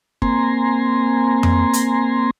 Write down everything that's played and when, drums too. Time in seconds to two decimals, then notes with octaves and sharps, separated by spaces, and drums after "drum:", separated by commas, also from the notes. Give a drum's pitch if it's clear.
0.22 A#3 C4 G#5 A#5 C6, drum: kick
1.43 drum: tom F2
1.73 drum: hi-hat